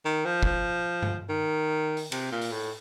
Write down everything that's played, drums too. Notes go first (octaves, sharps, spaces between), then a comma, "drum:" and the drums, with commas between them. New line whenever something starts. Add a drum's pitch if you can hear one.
D#3
F3
drum: kick
drum: tom G2
D#3
drum: open hi-hat
C3, drum: cymbal
A#2
drum: open hi-hat
A2